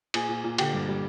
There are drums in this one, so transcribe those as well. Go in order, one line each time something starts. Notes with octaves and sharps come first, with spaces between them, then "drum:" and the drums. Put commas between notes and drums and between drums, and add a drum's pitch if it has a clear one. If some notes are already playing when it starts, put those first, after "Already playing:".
A#2 G#4 G#5, drum: cymbal
A#2
A#2
D3 G4 G5, drum: cymbal
G2
G3